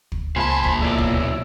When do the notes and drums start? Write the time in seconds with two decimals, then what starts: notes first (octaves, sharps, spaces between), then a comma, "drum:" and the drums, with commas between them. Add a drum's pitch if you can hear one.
0.12 drum: kick
0.36 C#2 A#2 C5 G#5 A5 B5
0.64 drum: kick
0.81 B1 E4 D5
0.98 drum: kick